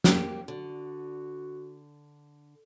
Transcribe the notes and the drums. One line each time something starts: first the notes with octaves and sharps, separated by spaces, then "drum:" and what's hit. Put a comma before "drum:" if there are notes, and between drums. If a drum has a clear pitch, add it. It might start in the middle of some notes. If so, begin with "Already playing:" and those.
A#3 G4, drum: snare
D3 F#4